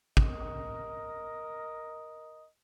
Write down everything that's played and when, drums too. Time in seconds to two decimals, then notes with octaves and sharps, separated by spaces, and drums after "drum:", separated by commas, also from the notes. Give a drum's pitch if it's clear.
0.17 A#4 D#5, drum: kick